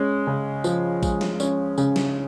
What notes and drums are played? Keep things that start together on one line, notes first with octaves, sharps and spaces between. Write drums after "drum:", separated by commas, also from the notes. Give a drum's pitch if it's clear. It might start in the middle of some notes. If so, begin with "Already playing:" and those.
Already playing: G#3 C#4
C#3
F3, drum: tambourine
G#3, drum: kick A#1, tambourine
drum: snare
C#4, drum: tambourine
C#3, drum: tambourine
drum: snare